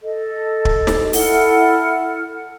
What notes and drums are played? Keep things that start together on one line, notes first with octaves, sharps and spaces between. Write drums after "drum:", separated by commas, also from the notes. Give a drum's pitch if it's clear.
A4 D#5
drum: kick
drum: snare
E4 A4 F#5 F6, drum: open hi-hat